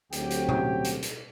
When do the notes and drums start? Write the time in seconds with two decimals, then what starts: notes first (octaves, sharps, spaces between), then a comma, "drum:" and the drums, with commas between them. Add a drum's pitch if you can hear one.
0.13 D2 F#3 C4 F#4 G4 G5, drum: hi-hat
0.31 drum: hi-hat
0.49 drum: tom B2
0.85 drum: hi-hat
1.03 drum: hi-hat